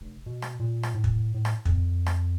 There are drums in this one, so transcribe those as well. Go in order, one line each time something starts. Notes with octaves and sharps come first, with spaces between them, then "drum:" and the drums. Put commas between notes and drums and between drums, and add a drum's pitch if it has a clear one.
F1
B2
drum: rim click
A#2
drum: rim click
A2
drum: kick
A2
drum: rim click
F2, drum: kick
drum: rim click